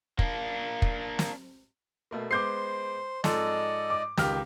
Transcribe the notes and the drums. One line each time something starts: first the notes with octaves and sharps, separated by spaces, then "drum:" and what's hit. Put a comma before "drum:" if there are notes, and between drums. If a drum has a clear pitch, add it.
A#3 D4, drum: kick
drum: kick
drum: snare
B2 A3 A#3
G#3 B3 C5 D6 G6 C7
G#2 F3 A4 D5 D#5 C6, drum: snare
D6
C#2 D#3 G4 F6, drum: snare